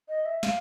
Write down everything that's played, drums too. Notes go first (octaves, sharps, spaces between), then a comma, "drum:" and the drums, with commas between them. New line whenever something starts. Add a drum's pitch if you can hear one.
D#5
E5
F5, drum: snare